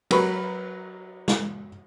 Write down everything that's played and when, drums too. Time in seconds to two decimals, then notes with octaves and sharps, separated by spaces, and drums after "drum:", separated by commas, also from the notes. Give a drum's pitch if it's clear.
0.11 F#3 A#4 B4 B5 C#6, drum: cymbal
1.28 drum: snare